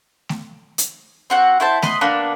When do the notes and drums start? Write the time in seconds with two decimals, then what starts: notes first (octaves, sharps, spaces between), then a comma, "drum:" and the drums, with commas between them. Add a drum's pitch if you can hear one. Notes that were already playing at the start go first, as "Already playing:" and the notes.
0.29 drum: snare A3
0.78 drum: hi-hat
1.30 C4 F#4 F#5
1.60 E4 C5 A5
1.82 B4 D#5 C6, drum: snare A3
2.01 A#3 B3 D4